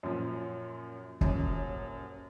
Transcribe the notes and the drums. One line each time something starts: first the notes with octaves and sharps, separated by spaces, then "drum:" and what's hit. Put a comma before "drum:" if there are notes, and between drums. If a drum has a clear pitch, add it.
F#2 A#2 F3
D#1 F#2, drum: kick